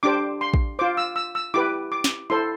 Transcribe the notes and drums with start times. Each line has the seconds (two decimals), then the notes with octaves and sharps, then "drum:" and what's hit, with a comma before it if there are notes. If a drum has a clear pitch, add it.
0.03 D4 G4 C5 D6
0.41 C6
0.54 drum: kick
0.79 F4 C5 D6
0.97 E6
1.16 E6
1.35 E6
1.54 E4 G4 B4 D6
1.92 D6
2.04 drum: snare
2.30 E4 A4 C5 C6